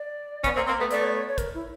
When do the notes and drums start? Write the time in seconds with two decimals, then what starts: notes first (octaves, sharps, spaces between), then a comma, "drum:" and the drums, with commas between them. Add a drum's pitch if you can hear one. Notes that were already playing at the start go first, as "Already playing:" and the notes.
Already playing: D5
0.44 B3 C#4, drum: kick, hi-hat
0.56 A#3 C4
0.67 A#3 C4
0.79 A3 B3
0.91 A3 B3 D5, drum: hi-hat
1.03 C#5
1.15 C#5
1.27 C#5
1.38 A#4, drum: kick, hi-hat
1.54 E4